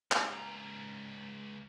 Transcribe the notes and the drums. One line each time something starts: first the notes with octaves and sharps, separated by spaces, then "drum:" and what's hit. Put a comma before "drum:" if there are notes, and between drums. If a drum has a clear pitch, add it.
C#2 A#5, drum: clap